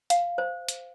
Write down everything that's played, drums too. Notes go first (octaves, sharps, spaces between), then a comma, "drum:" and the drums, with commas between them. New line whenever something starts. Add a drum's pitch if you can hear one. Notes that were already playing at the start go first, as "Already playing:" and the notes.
F5, drum: hi-hat
C5
drum: hi-hat